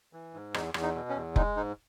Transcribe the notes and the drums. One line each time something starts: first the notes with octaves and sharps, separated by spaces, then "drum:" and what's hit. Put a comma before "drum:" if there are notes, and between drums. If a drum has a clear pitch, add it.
E3
G#2
E2 D#4, drum: rim click
E2, drum: rim click
D#4
B2
C#4
E2
G#3 D#4, drum: kick F1
G#2 D#4